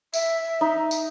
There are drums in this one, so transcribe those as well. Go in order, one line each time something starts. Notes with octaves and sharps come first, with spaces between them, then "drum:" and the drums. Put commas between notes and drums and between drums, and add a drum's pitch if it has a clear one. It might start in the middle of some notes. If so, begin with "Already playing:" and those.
E5, drum: tambourine
D#4
drum: tambourine